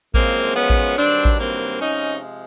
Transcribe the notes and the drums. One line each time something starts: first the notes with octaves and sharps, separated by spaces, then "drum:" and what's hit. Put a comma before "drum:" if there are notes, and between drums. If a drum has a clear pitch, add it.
F#2 C#3 F3 G#3 A#3 C4, drum: kick A1
B3 C#4
drum: kick A1
G2 D#3 F#3 C4 D4
drum: kick A1
A#3 C4
C3 F3 G#3 C#4 D#4